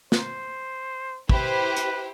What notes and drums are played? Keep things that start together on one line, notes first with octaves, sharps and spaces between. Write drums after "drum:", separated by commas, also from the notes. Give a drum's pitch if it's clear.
C5, drum: snare
E4 G4 B4 C5, drum: kick
drum: hi-hat